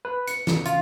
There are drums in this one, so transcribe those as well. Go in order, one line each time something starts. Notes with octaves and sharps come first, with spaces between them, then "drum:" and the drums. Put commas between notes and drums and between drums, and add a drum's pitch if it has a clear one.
B4
C#7, drum: hi-hat
drum: snare
F4, drum: hi-hat